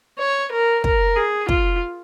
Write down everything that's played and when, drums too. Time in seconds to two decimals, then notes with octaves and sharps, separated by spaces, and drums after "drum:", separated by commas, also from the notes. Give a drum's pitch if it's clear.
0.18 C#5
0.51 A#4
0.84 A#4, drum: kick
1.16 G#4
1.49 F4, drum: kick